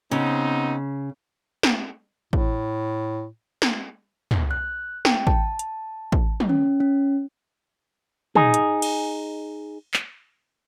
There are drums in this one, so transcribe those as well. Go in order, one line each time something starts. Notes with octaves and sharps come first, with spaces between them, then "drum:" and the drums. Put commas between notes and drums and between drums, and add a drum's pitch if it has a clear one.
C#3 B3 C4 D#4
drum: snare
A2, drum: kick
drum: snare
drum: tom
F#6
G5, drum: snare
A5, drum: kick
drum: hi-hat
drum: kick
drum: tom
C#4
C#4
D#4 G#4, drum: tom
drum: hi-hat
drum: cymbal
drum: clap